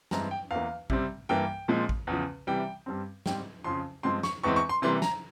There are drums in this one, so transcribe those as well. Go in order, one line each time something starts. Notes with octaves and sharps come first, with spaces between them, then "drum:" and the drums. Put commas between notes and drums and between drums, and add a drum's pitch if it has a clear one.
G2 E3 G#3 C4 A#5, drum: snare
G5
E2 E3 A#3 F5
C3 G3 C4, drum: kick A1
G2 E3 A#3 G5
A#2 F3 G#3 C4
drum: kick A1
E2 C#3 F3
C3 E3 G3 G5
G2 G3 C4
G#2 G3 C4 G5, drum: snare
F2 C#3 F3 C6
G2 F3 G#3 C4 C6
C#6, drum: snare
E2 E3 G#3 C4 C#6
C#6
C6
C3 E3 G3 A#3 C6
A#5, drum: snare